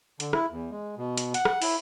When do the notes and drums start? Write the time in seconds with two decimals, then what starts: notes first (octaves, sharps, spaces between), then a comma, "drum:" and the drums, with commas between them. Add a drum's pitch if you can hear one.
0.20 D3, drum: hi-hat
0.33 E4, drum: rim click
0.51 E2
0.71 G#3
0.97 B2
1.17 drum: hi-hat
1.34 F#5, drum: hi-hat
1.45 drum: rim click
1.62 E4, drum: open hi-hat